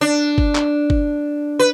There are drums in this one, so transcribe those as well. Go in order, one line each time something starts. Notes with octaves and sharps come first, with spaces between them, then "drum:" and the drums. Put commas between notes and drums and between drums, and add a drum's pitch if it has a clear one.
D4
drum: kick G1
drum: clap
drum: kick G1
B4